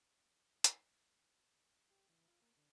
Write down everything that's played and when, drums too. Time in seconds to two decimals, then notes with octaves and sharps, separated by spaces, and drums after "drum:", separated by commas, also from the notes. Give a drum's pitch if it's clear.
0.64 drum: hi-hat
1.91 G4
2.09 E3
2.28 F4
2.42 A#3
2.57 D3